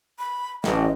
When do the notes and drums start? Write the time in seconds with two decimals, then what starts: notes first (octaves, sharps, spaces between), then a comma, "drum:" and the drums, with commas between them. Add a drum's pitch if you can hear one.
0.19 B5
0.64 A1 D#5, drum: snare